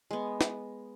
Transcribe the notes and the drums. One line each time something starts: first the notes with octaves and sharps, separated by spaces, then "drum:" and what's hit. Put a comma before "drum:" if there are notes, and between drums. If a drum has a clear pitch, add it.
G#3 B3
drum: snare